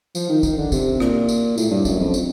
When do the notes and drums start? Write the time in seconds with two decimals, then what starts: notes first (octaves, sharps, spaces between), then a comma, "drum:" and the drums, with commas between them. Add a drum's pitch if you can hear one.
0.15 F3, drum: tambourine
0.29 D#3
0.43 D#3, drum: kick, tambourine
0.57 D3
0.72 C3, drum: kick, tambourine
1.00 A#2, drum: rim click
1.29 drum: tambourine
1.58 A2, drum: tambourine
1.71 G2
1.85 F#2, drum: kick, tambourine
2.00 F2
2.14 drum: tambourine